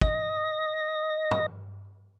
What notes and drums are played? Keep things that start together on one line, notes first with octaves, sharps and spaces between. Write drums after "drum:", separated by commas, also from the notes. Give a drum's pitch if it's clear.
D#5 A#6, drum: kick
drum: tom